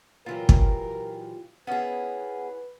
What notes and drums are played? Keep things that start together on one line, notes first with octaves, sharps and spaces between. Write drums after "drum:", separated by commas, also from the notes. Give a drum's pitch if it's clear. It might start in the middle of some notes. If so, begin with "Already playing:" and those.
A#2 E3 F#3 F4 G4 A#4
drum: kick
B3 C#4 E4 G#4 B4